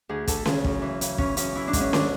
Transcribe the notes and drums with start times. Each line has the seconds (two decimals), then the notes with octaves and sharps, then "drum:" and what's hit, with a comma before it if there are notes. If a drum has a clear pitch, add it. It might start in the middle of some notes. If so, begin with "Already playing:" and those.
0.09 D2 G#4
0.27 D2 A4, drum: kick, hi-hat
0.46 C#3 G#4, drum: snare C#4
0.64 F#2, drum: kick
0.82 E3
1.01 C#3, drum: hi-hat
1.18 E3 C#4, drum: kick
1.37 F#2 C#4, drum: hi-hat
1.55 E3 E4
1.68 D4
1.73 G#2, drum: kick, hi-hat
1.81 C#4
1.93 D4, drum: snare C#4